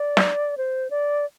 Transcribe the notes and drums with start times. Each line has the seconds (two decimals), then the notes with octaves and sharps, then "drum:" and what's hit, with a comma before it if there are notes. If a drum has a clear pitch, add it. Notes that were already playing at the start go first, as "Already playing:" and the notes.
Already playing: D5
0.17 drum: snare
0.57 C5
0.90 D5